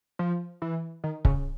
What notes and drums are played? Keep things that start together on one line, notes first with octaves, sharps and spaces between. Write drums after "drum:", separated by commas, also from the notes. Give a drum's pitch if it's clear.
F3
E3
D#3
C#3, drum: kick C#1